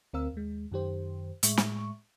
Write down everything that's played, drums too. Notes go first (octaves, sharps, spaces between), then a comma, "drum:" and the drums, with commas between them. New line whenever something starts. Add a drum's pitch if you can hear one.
D2 C4 A#4 F5 E6
D#2 G#3
F#2 D#3 G4 C5
A2 G#3 E5 C#6, drum: hi-hat
drum: snare